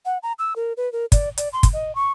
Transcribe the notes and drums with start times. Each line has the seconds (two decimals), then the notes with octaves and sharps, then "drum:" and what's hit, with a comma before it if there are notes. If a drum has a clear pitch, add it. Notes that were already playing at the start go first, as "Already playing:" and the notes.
0.06 F#5
0.23 A#5
0.39 E6
0.56 A#4
0.77 B4
0.93 A#4
1.12 D5, drum: kick, hi-hat
1.37 D5, drum: hi-hat
1.53 C6
1.63 drum: kick, hi-hat
1.73 D#5
1.95 C#6